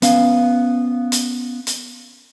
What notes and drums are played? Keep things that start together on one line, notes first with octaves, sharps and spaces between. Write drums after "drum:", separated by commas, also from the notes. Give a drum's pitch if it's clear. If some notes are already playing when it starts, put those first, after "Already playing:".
B3 C#4 F5, drum: hi-hat
drum: hi-hat
drum: hi-hat